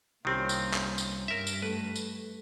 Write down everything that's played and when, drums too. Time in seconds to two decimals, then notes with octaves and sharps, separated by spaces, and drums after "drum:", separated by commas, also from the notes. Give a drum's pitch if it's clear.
0.25 C2 D#3 A#3 C4 C#4 F4 G4
0.49 drum: tambourine
0.74 drum: clap
0.98 drum: tambourine
1.28 G2 A#4 E5
1.47 drum: tambourine
1.62 A3 B4
1.96 drum: tambourine